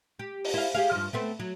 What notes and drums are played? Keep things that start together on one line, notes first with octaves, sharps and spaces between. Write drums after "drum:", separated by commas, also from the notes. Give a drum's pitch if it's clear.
G4
drum: open hi-hat
E4 F5
G4 G#4 F5
G2 F3
A3 B3 C4
F#3